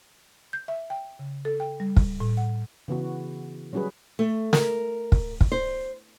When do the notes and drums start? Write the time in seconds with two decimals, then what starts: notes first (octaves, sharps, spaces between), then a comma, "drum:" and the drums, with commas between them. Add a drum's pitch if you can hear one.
0.53 G6
0.68 E5
0.90 G5
1.19 C#3
1.45 A4
1.60 G5
1.80 G3
1.97 drum: kick
2.20 A2
2.37 F#5
2.88 C#3 E3 B3 F#4
3.73 F#3 G3 C#4 F#4 G#4 B4
4.19 A3
4.53 A#4, drum: snare
5.12 drum: kick
5.41 drum: kick
5.52 C5